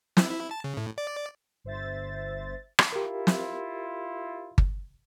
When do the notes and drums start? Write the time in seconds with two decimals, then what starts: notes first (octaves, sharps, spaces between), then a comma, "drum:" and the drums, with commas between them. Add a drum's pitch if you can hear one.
0.17 E4, drum: snare
0.31 E4
0.51 A5
0.64 C#3
0.77 A2
0.98 D5
1.64 G1 C5 E5 A6
2.79 drum: rim click
2.92 E4 F4 G4 A#4
3.27 drum: snare
4.58 drum: kick G1